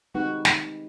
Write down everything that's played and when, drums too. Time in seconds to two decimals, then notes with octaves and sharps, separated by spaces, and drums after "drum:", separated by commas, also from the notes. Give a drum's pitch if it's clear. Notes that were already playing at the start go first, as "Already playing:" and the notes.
0.15 G#3 C4 D#4 F#4 G4 B4
0.45 drum: snare